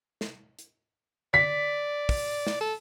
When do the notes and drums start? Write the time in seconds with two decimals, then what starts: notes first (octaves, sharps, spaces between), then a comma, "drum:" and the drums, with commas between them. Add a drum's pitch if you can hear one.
0.21 drum: snare
0.59 drum: hi-hat
1.34 D5 B6, drum: tom D3
2.09 drum: kick, open hi-hat
2.47 drum: snare
2.60 A4